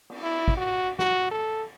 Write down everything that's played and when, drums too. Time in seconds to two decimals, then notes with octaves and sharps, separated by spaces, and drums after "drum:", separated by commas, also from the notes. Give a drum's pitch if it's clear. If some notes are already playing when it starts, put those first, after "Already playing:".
0.10 drum: cymbal
0.23 E4
0.48 drum: kick
0.57 F#4
0.99 F#4, drum: snare
1.31 A4